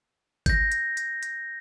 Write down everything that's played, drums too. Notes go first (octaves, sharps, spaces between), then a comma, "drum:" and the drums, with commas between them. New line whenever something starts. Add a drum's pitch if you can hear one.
G6 A#6, drum: kick G#1, hi-hat
drum: hi-hat
drum: hi-hat
drum: hi-hat